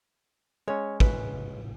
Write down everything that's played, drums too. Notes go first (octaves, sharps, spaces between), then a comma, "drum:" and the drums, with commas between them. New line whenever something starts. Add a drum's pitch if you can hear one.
G#3 C#4 C#5
B4, drum: kick